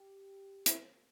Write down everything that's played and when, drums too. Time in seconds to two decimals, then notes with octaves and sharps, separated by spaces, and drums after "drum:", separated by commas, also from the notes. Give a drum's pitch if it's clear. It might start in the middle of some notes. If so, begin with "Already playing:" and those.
Already playing: G4
0.66 E4, drum: hi-hat